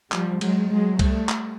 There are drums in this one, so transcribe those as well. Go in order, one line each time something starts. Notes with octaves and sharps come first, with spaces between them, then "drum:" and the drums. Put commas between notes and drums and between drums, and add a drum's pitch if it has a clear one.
F3 G3, drum: clap
F#3 G#3, drum: cymbal
F#3 G#3
G3 A3, drum: kick C2, cymbal
drum: clap